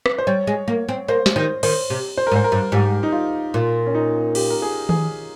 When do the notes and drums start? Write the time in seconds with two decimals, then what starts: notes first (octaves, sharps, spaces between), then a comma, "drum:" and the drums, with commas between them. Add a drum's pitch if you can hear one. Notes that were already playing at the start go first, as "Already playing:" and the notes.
0.06 drum: rim click
0.18 C5
0.27 G3 C#5
0.47 G#3
0.68 A#3
0.89 C4
1.08 A#3 C5
1.26 drum: snare
1.36 D#3 C5
1.63 D#3 C5, drum: cymbal
1.90 C3
2.17 C5
2.27 A#4
2.31 G#2
2.36 C5
2.44 A#4
2.52 G2
2.72 G#2 G4
3.03 D#4
3.12 F4
3.54 A#2 F4
3.86 C#4
3.95 D#4
4.35 G4, drum: cymbal
4.50 A#4
4.62 G#4
4.89 G#4, drum: tom D#3